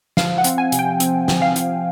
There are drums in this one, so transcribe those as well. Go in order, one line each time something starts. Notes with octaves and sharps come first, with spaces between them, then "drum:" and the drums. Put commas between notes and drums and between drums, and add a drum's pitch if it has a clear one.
F3 F5, drum: snare
F#5
C4, drum: hi-hat
G#5
C3, drum: hi-hat
G5
C4, drum: hi-hat
F3, drum: snare
F5
F3, drum: hi-hat